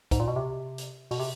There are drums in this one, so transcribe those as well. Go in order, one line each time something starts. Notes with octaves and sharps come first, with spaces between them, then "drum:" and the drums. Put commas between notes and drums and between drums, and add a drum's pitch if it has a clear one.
G#2, drum: kick, hi-hat
A#2
B2
C3
drum: hi-hat
B2, drum: open hi-hat
C3